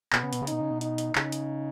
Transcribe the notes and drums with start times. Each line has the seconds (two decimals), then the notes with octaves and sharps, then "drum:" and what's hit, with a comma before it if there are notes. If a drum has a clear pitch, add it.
0.13 B2 B3, drum: clap
0.23 C#3
0.33 B2, drum: hi-hat
0.42 C#3
0.47 B2 D#4, drum: hi-hat
0.61 C#3
0.70 B2
0.81 D#4, drum: hi-hat
0.98 drum: hi-hat
1.15 C#3 D#4, drum: clap
1.32 drum: hi-hat